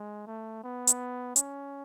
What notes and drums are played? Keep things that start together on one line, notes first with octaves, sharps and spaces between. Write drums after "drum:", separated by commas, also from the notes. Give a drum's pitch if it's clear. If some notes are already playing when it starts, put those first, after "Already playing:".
Already playing: G#3
A3
B3
drum: hi-hat
C#4, drum: hi-hat